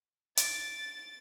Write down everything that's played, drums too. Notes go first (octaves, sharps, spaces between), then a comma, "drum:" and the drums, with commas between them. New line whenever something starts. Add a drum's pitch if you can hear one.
A6 D7, drum: hi-hat